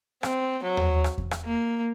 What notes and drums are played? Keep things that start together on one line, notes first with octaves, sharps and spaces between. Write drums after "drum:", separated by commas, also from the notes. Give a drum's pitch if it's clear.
C4, drum: rim click
F#3
drum: tom D#2
drum: rim click
drum: kick E2
drum: rim click
A#3